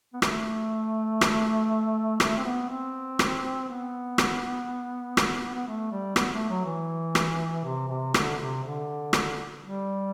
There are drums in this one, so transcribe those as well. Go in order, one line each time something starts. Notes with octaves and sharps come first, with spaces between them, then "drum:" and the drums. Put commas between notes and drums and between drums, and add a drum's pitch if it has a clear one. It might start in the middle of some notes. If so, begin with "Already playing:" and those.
B3
A3, drum: rim click
drum: rim click
A3, drum: rim click
C4
B3
C4
drum: rim click
B3
drum: rim click
drum: rim click
B3
A3
G3
B3, drum: rim click
A3
F#3
E3
drum: rim click
C3
C3
D3, drum: rim click
C3
D3
drum: rim click
G3